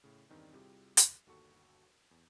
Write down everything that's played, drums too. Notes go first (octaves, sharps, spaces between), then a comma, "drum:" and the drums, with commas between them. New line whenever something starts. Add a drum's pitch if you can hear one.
A2 C#3
E2 G2 D#3 C4 D4 D#4
C3 G3 E4 F4 G4 G#4
drum: hi-hat
G1 D#2 F#4 A4 C#6
E2